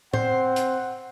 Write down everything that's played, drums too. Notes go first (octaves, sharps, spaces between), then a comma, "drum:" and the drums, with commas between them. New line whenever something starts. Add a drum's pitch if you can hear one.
C4 C5 F#5, drum: tom A2
drum: hi-hat